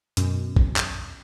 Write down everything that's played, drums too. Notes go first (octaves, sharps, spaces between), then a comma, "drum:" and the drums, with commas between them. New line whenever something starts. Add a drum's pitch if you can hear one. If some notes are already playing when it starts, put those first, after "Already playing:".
F#2 B2, drum: hi-hat
drum: kick
drum: clap